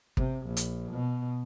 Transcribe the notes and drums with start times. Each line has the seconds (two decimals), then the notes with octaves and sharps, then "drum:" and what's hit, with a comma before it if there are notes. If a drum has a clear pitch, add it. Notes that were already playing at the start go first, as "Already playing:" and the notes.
0.17 C3, drum: kick
0.47 A#1
0.57 drum: hi-hat
0.92 B2